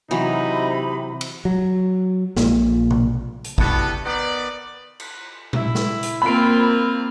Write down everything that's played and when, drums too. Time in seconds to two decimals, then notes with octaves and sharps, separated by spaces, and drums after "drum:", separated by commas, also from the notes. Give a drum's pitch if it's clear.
0.11 C3 E3 F#3 D#4 B5
1.21 drum: cymbal
1.45 F#3
2.37 A#1 A#2, drum: snare
2.91 drum: tom B2
3.45 drum: hi-hat
3.58 B3 D4 E4 F#4 G4 A4, drum: kick
4.04 D#3 B3 D5
5.00 drum: cymbal
5.53 E4, drum: tom A#2
5.75 drum: snare
6.03 drum: hi-hat
6.22 A#3 C4 F4 B5 D7